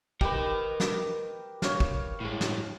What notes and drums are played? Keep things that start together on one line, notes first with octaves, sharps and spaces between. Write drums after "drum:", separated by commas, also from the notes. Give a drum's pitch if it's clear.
G4 A#4 B4 D#5, drum: kick
drum: snare
C#5 F5, drum: snare
drum: kick
A2 G#3
drum: snare